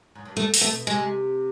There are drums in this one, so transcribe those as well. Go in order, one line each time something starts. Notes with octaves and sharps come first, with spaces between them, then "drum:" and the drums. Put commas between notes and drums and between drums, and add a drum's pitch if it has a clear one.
G#2
G2
F#2 A3
F2, drum: open hi-hat
A3
B2
C3 G#3